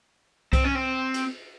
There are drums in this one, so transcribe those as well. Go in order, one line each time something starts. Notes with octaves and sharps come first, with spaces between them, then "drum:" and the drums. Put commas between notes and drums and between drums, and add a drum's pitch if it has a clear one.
C4, drum: kick C2, cymbal
C#4
C4
drum: cymbal